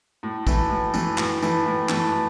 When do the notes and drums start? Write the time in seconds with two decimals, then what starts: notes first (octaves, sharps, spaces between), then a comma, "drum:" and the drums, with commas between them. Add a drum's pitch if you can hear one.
0.23 A2
0.47 E3 A3, drum: kick, tambourine
0.70 A2
0.94 E3 A3, drum: tambourine
1.18 A2, drum: clap
1.42 E3 A3, drum: tambourine
1.66 A2
1.89 E3 A3, drum: clap